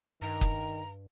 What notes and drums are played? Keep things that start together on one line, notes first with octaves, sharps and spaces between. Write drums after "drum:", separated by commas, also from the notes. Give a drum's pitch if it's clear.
G2 D#3 A#5
drum: kick